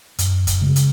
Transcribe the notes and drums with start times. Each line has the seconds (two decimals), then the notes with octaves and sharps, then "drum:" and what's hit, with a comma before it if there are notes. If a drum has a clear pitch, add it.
0.19 F#2, drum: hi-hat
0.47 drum: kick, hi-hat
0.61 C#3 G#3
0.76 drum: hi-hat